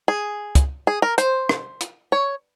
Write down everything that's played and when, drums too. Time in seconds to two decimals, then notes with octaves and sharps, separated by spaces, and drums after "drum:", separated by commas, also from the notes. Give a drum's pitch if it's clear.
0.08 G#4
0.55 drum: kick, hi-hat
0.87 G#4
1.02 A#4
1.18 C5, drum: hi-hat
1.49 drum: rim click
1.81 drum: hi-hat
2.12 C#5